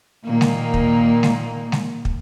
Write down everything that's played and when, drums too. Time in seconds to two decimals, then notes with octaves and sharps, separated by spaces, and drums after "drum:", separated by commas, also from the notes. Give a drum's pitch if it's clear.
0.24 A#2 D#3 A#3
0.41 drum: snare G#3
0.74 drum: kick
1.23 drum: snare G#3
1.72 drum: snare G#3
2.05 drum: kick